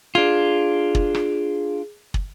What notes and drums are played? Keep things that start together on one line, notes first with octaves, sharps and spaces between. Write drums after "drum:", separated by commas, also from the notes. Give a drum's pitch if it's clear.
D4 F4 G#4
drum: kick
drum: rim click
drum: kick